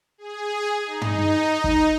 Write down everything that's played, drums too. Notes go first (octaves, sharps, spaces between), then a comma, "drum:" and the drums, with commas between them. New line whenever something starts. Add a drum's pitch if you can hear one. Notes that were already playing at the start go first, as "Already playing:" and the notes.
G#4
D#4
drum: tom
drum: kick